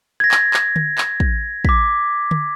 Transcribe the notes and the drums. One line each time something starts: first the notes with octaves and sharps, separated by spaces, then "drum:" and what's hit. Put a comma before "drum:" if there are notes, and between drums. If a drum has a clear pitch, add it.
G#6 A#6
drum: clap
drum: clap
drum: tom D3
drum: clap
drum: kick
D6 B6, drum: kick
drum: tom D3